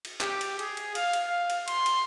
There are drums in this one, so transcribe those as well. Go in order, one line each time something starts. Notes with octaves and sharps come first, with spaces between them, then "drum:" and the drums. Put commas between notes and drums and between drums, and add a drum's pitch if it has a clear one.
drum: cymbal
G4, drum: clap
drum: cymbal
G#4, drum: cymbal
drum: cymbal
F5, drum: cymbal
drum: cymbal
F5
drum: cymbal
C6, drum: cymbal
drum: cymbal